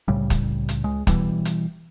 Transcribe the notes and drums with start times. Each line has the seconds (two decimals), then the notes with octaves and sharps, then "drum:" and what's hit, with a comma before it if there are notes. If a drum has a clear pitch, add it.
0.08 C2 A2 C#3 G3
0.30 drum: kick, hi-hat
0.69 drum: hi-hat
0.84 C#2 G#3
1.07 B2 E3 G3, drum: kick, hi-hat
1.45 drum: hi-hat